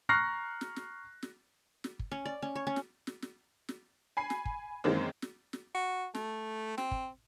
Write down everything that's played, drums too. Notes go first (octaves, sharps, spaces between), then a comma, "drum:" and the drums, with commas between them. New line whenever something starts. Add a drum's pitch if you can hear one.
A#5 C#6 F6 F#6 A#6 C7
drum: snare
drum: snare
drum: snare
drum: snare
drum: kick
C#4
D5
C#4
C#5
C#4
drum: snare
drum: snare
drum: snare
drum: snare
G#5 B5 C7
drum: snare
drum: kick
F#2 D#3 E3 G#3 A#3 C4
drum: snare
drum: snare
F#4
A3, drum: snare
C4, drum: snare
drum: kick